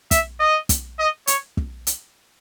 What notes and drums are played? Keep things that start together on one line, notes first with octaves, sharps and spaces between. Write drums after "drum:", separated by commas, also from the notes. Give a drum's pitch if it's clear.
E5, drum: kick, hi-hat
D#5
drum: kick, hi-hat
D#5
C#5, drum: hi-hat
drum: kick
drum: hi-hat